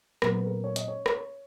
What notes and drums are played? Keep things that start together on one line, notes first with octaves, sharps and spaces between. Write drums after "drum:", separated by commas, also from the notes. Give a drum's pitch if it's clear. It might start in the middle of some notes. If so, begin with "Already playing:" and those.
A#2 F#3 B3 A#4, drum: rim click
B4
A#4
C#5
D#5, drum: hi-hat
C#5
C#5, drum: rim click